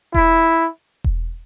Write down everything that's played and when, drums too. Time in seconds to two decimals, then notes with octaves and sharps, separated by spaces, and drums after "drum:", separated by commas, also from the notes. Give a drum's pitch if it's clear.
0.14 E4, drum: kick E1
1.04 drum: kick E1